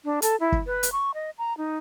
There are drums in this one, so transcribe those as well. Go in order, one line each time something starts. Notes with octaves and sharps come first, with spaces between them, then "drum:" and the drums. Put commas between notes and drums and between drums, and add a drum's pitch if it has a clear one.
D4
A4, drum: hi-hat
E4
drum: kick
B4
drum: hi-hat
C#6
D#5
A#5
D#4